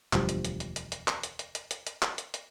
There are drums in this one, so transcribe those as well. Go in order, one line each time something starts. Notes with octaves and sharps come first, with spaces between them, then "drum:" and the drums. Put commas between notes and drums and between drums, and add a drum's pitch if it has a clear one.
E1 D2 F3 G3, drum: clap
drum: hi-hat
drum: hi-hat
drum: hi-hat
drum: hi-hat
drum: hi-hat
drum: clap
drum: hi-hat
drum: hi-hat
drum: hi-hat
drum: hi-hat
drum: hi-hat
drum: clap
drum: hi-hat
drum: hi-hat